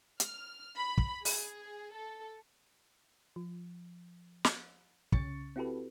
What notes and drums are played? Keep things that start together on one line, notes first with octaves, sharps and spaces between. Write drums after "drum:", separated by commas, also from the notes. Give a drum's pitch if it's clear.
F6, drum: hi-hat
B5
drum: kick
G#4, drum: open hi-hat
A4
F3
drum: snare
C2 C#3 C#4 C#6 A6 C#7, drum: kick
C4 E4 F#4 G4 A4 B4